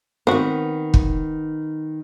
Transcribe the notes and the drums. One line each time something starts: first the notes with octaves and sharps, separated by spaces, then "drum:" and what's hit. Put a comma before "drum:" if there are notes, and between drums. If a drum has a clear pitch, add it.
D#3 B3 C4 F#4
drum: kick